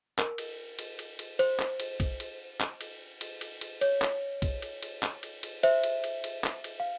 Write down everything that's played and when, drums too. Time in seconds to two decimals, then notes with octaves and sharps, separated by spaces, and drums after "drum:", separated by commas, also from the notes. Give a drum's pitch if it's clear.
0.18 A#4, drum: clap
0.38 drum: cymbal
0.79 drum: cymbal
0.99 drum: cymbal
1.19 drum: cymbal
1.39 C5, drum: cymbal
1.59 drum: clap
1.80 drum: cymbal
2.00 drum: kick B1, cymbal
2.20 drum: cymbal
2.60 drum: clap
2.81 drum: cymbal
3.21 drum: cymbal
3.41 drum: cymbal
3.61 drum: cymbal
3.81 C#5, drum: cymbal
4.02 drum: clap
4.42 drum: kick B1, cymbal
4.62 drum: cymbal
4.83 drum: cymbal
5.03 drum: clap
5.23 drum: cymbal
5.43 drum: cymbal
5.63 C5 E5, drum: cymbal
5.83 drum: cymbal
6.04 drum: cymbal
6.24 drum: cymbal
6.44 drum: clap
6.64 drum: cymbal
6.80 F5